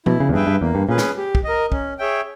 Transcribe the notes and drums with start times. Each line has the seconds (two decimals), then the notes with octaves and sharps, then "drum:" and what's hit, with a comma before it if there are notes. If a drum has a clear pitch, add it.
0.06 B2 E4, drum: tom F3
0.20 C#3
0.29 E2
0.33 G2 G#4 B4 E5 G5
0.47 G2
0.61 E2 A#3
0.75 G2
0.89 A#2 C#4 G#4 B4
0.98 drum: snare
1.17 G4
1.35 drum: kick
1.44 A#4 D#5
1.72 C#4, drum: kick
1.99 G#4 C#5 E5 G5